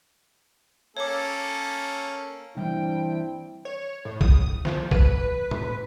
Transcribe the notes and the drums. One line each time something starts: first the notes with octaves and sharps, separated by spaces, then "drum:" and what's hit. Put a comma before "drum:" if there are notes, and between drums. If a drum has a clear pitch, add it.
A#3 C#4 A4 C#5 D6
E3 G3 A#3 C4 D4 E4 G5
C#5
A2
D#6, drum: kick
F3, drum: snare
B4, drum: kick
drum: tom